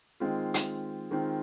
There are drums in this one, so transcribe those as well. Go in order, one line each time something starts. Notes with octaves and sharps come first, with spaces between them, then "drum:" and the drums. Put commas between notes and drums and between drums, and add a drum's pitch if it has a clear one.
D#3 G#3 C4 F4
drum: hi-hat
D#3 G#3 C4 F4